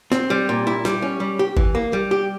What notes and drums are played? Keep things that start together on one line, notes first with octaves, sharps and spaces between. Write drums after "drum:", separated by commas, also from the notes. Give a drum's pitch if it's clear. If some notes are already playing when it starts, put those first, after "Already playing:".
C4, drum: snare
G3
A#2
E4
G3, drum: snare
C#4
G3
G4
E3, drum: kick G1
A#3
G3
G4